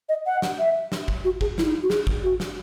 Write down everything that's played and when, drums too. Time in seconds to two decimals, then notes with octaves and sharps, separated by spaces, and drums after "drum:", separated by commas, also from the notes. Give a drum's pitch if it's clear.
0.09 D#5
0.26 F#5
0.42 drum: snare
0.59 E5
0.92 drum: snare
1.08 drum: kick
1.24 F#4
1.41 G#4, drum: kick
1.58 E4, drum: snare
1.66 D#4
1.83 F#4
1.90 G#4, drum: snare
2.07 drum: kick
2.24 F#4
2.40 drum: snare